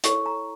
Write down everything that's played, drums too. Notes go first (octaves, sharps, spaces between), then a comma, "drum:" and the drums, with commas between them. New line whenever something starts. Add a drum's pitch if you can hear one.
E4 A4 C#5 C#6, drum: hi-hat
A#5